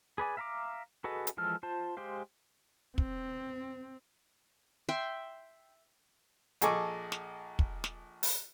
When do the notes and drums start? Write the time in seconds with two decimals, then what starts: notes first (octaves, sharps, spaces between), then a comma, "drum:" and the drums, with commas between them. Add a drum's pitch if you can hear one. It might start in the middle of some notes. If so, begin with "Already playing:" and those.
0.18 G#4 B4 D5 G#5
0.37 E5 F5 A#5 B5 D6
1.04 F#4 G#4 A4 B4 D#5
1.27 drum: hi-hat
1.37 E3 F3 G#3 A4 F6
1.63 F4 C5 A5
1.97 G#3 G4 C5 F5
2.98 C4, drum: kick
4.89 E5 G5 C6
6.62 A#1 G#4 A4 D#5 C#6 D6, drum: hi-hat
7.12 drum: snare
7.59 drum: kick
7.84 drum: snare
8.23 drum: open hi-hat